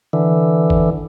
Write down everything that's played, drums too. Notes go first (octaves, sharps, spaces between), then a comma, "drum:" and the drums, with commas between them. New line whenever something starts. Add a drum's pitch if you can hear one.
D3 E3
drum: kick G1